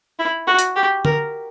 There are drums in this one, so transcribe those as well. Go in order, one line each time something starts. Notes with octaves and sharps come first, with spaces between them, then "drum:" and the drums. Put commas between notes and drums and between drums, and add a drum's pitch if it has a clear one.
E4
F#4
drum: hi-hat
G4
A#4, drum: tom D3